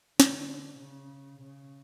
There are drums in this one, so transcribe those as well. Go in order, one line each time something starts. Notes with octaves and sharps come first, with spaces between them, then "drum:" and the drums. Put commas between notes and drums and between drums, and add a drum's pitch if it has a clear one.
D3, drum: snare
C#3
C#3